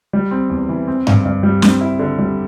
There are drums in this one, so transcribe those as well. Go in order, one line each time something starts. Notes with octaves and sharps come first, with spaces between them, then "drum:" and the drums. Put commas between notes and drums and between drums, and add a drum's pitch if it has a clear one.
G3
C4
E2
E3
C4
G2, drum: tom G2
G2
G3
C4, drum: snare
E4
D3
G3